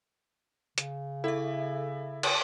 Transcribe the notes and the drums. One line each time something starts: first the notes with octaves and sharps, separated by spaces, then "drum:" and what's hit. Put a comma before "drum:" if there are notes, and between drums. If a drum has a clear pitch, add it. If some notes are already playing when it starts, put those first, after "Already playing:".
C#3, drum: hi-hat
E4 A4 E5
drum: cymbal